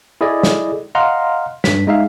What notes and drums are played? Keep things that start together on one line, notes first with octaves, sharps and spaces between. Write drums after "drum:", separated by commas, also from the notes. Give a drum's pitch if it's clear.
E4 G#4 A4 D5 D#5
drum: snare
D#5 F5 F#5 A#5 C6 F6
G2 B6, drum: snare
G#3 D#4 E5 F5